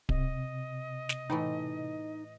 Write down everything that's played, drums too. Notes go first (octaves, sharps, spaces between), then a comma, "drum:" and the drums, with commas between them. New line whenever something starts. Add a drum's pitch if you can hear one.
C3 D#5, drum: kick D1
drum: snare
A2 E3 A3 D#4